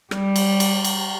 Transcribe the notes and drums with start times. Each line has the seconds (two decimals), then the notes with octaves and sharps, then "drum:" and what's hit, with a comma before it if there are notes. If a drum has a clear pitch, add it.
0.11 G3, drum: rim click
0.36 drum: cymbal
0.60 drum: cymbal
0.84 drum: cymbal